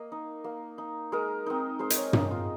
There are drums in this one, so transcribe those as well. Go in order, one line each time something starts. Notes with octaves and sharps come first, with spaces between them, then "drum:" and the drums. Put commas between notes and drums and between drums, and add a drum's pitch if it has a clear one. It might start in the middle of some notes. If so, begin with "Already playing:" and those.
Already playing: A#3 D#5
D#4
A#3
D#4
G#3 A#4
C4 D#4
G#3 C5
D#5, drum: hi-hat
C#5
C4 D#4, drum: tom
F4